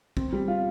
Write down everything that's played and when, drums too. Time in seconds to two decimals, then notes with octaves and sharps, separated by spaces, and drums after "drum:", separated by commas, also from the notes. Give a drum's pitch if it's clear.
0.17 C4, drum: kick
0.33 G3
0.48 F4